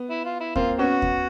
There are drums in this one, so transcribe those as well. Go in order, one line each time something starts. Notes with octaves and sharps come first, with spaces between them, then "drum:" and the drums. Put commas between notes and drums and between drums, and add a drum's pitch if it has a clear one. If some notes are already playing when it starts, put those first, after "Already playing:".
Already playing: B3
E4
F4
E4
A#3 C4 F4, drum: kick D#2
B3 C#4 F#4
drum: kick D#2